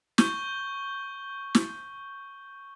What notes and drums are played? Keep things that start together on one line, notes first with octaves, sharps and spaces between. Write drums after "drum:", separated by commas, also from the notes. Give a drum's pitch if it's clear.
C#6 G6 G7, drum: snare
drum: snare